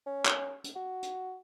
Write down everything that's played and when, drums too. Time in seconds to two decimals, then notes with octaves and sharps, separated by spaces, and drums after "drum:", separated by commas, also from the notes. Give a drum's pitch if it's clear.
0.06 C#4
0.26 drum: clap
0.64 drum: hi-hat
0.75 F#4
1.03 drum: hi-hat